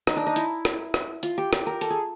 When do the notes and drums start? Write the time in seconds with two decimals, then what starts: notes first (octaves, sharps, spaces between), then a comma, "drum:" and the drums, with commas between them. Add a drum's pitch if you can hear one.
0.07 D#4, drum: rim click
0.17 D4
0.27 D#4
0.36 E4, drum: hi-hat
0.65 drum: rim click
0.94 drum: rim click
1.23 F4, drum: hi-hat
1.38 G4
1.53 G4, drum: rim click
1.67 A#4
1.81 A4, drum: hi-hat
1.90 G#4